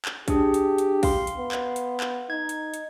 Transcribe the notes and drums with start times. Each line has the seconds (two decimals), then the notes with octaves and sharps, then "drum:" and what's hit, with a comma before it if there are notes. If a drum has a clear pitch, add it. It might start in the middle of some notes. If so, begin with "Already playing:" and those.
0.05 drum: clap
0.28 D4 G4 G#4, drum: kick A#1, hi-hat
0.54 drum: hi-hat
0.78 drum: hi-hat
1.03 F5 C6, drum: kick A#1, open hi-hat
1.27 drum: hi-hat
1.38 B3
1.52 drum: clap
1.76 drum: hi-hat
2.00 drum: clap
2.30 D#4 G#6
2.49 drum: hi-hat
2.74 drum: hi-hat